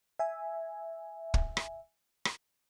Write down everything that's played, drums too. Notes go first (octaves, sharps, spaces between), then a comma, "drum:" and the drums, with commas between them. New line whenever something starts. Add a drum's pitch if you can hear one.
E5 G#5
drum: kick
drum: rim click
drum: rim click